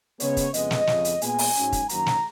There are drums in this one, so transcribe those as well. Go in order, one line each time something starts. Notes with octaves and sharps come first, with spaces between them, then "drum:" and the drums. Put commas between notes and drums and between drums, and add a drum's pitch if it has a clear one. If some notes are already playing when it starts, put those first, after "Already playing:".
C#3 G#3 B3 C#5, drum: hi-hat
drum: kick, hi-hat
F2 C#3 G#3 B3 D#5, drum: hi-hat
drum: snare
F2 C#3 F3, drum: snare
drum: hi-hat
A#2 G#3 B3 G#5, drum: hi-hat
drum: open hi-hat
G#2 F#3 C#4, drum: hi-hat
drum: kick, hi-hat
F#2 D#3 F#3 A#3 A#5, drum: hi-hat
drum: snare